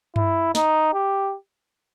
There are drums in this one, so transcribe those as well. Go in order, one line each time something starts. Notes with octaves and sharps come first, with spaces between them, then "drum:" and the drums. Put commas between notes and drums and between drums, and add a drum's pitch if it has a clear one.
E4, drum: tom G2
D#4, drum: snare
G4